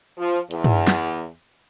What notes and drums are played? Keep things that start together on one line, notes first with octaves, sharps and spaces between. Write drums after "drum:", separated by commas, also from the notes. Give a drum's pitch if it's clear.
F3
E2, drum: hi-hat
drum: tom
drum: snare